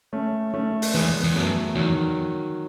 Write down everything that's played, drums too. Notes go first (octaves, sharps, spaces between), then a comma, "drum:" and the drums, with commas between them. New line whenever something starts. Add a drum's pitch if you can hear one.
A3 C#4
A3 C#4
drum: open hi-hat
E2 G#3 B3
E2
F#2 F#3 A3
E2 D#3 F#3